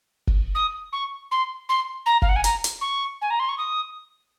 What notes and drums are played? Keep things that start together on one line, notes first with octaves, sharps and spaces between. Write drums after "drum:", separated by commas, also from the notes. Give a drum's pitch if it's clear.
drum: kick
D#6
C#6
C6
C6
A#5
F5, drum: kick
F#5
G#5
A#5, drum: hi-hat
drum: hi-hat
C#6
G#5
A#5
C6
C#6
D#6